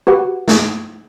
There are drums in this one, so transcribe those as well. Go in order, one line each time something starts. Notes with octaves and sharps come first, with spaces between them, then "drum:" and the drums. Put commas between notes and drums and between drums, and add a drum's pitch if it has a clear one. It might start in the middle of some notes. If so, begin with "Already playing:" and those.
F#4 G4 B4 F#5
drum: snare